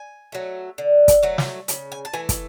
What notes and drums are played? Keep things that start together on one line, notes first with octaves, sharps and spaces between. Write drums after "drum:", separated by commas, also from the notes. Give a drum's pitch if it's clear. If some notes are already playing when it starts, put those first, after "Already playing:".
Already playing: G#5
F#3 A3
D3
drum: kick, hi-hat
F#3 A3
drum: snare
C#3, drum: hi-hat
G#5
A5
E3 A3 G#5
drum: kick, hi-hat